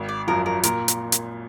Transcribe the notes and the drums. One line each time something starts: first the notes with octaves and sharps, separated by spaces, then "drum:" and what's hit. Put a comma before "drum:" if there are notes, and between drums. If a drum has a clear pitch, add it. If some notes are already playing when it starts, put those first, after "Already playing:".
Already playing: G#1
D5
F#2 F3 A#4
A#4
A#2 A#4, drum: hi-hat
drum: hi-hat
drum: hi-hat